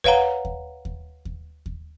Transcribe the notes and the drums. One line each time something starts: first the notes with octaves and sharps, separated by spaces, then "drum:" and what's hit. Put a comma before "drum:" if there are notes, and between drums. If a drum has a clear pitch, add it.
B4 C#5 F5 F#5 A#5, drum: kick D#2
drum: kick D#2
drum: kick D#2
drum: kick D#2
drum: kick D#2